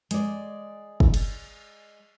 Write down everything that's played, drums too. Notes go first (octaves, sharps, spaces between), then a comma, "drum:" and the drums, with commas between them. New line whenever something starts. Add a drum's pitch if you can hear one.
G#3 D5, drum: hi-hat
drum: kick
drum: cymbal